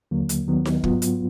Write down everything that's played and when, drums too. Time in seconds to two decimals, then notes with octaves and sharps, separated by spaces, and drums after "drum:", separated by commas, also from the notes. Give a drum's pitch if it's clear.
0.11 D#2 D3 F#3 A#3
0.29 drum: hi-hat
0.47 D#2 D#3 F#3 B3
0.65 drum: snare D#4
0.84 G#2 F#3 B3 F4, drum: kick
1.02 drum: hi-hat